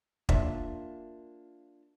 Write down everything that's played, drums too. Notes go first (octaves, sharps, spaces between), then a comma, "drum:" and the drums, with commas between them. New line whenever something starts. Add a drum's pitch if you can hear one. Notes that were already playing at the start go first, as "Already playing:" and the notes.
A#3 D4 F4 E5, drum: kick